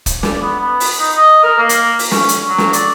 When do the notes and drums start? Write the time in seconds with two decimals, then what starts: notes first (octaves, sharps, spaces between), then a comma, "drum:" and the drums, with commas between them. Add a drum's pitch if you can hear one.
0.06 drum: kick, hi-hat
0.23 D5, drum: snare
0.42 B3
0.60 B3
0.80 drum: open hi-hat
0.98 D#4
1.16 D#5
1.43 A#4
1.58 A#3
1.69 drum: hi-hat
1.99 drum: open hi-hat
2.11 C#4, drum: snare
2.29 drum: hi-hat
2.48 F#3
2.58 drum: snare
2.73 D5, drum: hi-hat